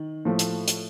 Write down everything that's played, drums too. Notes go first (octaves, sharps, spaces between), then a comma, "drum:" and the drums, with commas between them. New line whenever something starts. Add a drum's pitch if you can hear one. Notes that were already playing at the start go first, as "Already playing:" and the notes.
Already playing: D#3
A2 F3 A3
drum: hi-hat
drum: hi-hat